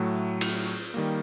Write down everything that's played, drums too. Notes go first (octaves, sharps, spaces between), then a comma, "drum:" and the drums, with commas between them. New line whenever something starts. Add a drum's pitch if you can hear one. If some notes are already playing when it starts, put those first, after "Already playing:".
Already playing: A2 F#3 A3
drum: cymbal
D#3 G3 A#3